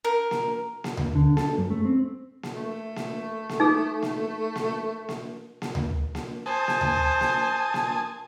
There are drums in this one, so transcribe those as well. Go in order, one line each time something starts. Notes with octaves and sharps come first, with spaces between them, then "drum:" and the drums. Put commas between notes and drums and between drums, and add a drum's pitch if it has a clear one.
A#4
drum: snare A#3
drum: snare A#3
drum: tom D2
D3
A4, drum: snare A#3
F#2
A3
C4
drum: snare A#3
A3
drum: snare A#3
drum: snare A#3
D#4 G#4 A4
drum: snare A#3
drum: snare A#3
drum: snare A#3
drum: snare A#3
drum: tom D2
drum: snare A#3
C5 G#5 A5 D#6
drum: snare A#3
drum: tom D2
drum: snare A#3
drum: snare A#3